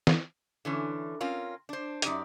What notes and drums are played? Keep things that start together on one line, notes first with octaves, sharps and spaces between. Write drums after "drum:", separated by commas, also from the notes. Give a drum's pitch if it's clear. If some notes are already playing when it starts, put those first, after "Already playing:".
drum: snare
D3 E3 C#4
C4 C#4 F4 A#4
D4 C5
F#2 D#4 G4 D5, drum: hi-hat